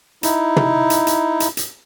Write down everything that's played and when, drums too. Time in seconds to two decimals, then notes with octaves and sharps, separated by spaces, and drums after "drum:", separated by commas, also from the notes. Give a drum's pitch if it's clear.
0.23 D#4 E4, drum: hi-hat
0.56 drum: tom
0.90 drum: hi-hat
1.07 drum: hi-hat
1.40 drum: hi-hat
1.57 drum: hi-hat